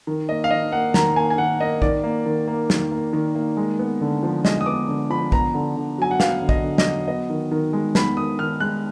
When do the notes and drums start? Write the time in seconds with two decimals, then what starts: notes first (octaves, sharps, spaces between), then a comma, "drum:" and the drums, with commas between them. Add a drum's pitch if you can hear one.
0.07 D#3
0.29 A#3 D#5
0.44 F5
0.51 D#3 D#5
0.72 A#3 F#5
0.94 D#3 A#5, drum: snare
1.16 A#3 G#5
1.30 G#5
1.38 D#3 F#5
1.60 A#3 D#5
1.82 D#3 D5, drum: kick
2.04 A#3
2.26 D#3
2.48 A#3
2.70 D#3, drum: snare
2.91 A#3
3.13 D#3
3.35 A#3
3.57 G#3
3.79 B3
4.01 D3
4.23 F3
4.45 G#3 D#5, drum: snare
4.61 D#6
4.66 B3 D6
4.88 D3
5.10 F3 B5
5.32 B3 A#5, drum: kick
5.54 D3
5.76 D3
5.98 F#3 G#5
6.11 F#5
6.20 B3 F5, drum: snare
6.42 D3
6.49 D#5, drum: kick
6.63 D3
6.78 D#5, drum: snare
6.85 F#3
7.07 B3 D#5
7.30 D#3
7.51 D#3
7.73 G#3
7.95 B3 B5, drum: snare
8.17 D#3 D#6
8.39 D#3 F6
8.60 G#3 F#6